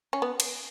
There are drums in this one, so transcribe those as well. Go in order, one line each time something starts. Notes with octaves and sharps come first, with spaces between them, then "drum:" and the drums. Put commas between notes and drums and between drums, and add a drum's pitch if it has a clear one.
C#4
B3
drum: cymbal